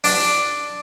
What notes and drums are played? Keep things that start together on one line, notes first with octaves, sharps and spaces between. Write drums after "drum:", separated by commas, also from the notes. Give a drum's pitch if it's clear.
D4, drum: open hi-hat